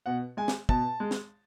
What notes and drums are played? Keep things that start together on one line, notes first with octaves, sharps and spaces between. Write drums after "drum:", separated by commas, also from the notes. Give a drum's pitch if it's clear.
B2 F#5
G#3 G#5
drum: snare
B2 A5, drum: kick
G#3
drum: snare